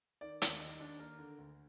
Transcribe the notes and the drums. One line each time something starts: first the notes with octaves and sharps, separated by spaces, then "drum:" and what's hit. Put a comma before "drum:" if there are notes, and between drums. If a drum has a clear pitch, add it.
D#3 D5
D#2, drum: hi-hat
D#2 D#4
D#2 D4
A#3 A#4
D3
D2